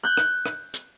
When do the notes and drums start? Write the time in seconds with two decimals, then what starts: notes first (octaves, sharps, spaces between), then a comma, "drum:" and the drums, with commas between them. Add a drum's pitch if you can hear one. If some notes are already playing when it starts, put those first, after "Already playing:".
0.03 F#6 G6
0.17 drum: rim click
0.46 drum: rim click
0.74 drum: hi-hat